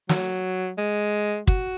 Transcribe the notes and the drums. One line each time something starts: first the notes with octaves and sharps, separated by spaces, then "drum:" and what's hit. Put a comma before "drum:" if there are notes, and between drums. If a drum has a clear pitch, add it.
F#3, drum: snare
G#3
F#4, drum: kick